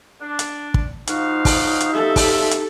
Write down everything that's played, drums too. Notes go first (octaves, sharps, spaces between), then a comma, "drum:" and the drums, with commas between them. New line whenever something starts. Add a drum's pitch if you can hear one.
D4
drum: hi-hat
drum: kick
F3 D#4 F#4 F5, drum: hi-hat
drum: kick, open hi-hat
drum: hi-hat
F4 G4 A4 E5
drum: kick, open hi-hat
drum: hi-hat